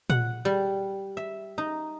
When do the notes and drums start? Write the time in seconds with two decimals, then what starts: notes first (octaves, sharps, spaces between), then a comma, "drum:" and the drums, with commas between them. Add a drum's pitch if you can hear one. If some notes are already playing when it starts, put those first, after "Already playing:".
0.10 F#5, drum: tom A#2
0.45 G3
1.17 E5
1.58 D#4